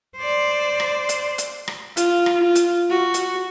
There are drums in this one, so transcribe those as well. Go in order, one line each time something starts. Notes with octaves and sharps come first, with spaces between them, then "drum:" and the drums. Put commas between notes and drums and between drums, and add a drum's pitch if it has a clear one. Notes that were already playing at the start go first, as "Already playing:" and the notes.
C5 D5
drum: rim click
drum: hi-hat
drum: hi-hat
drum: rim click
F4, drum: hi-hat
drum: rim click
F4
drum: hi-hat
F#4
drum: hi-hat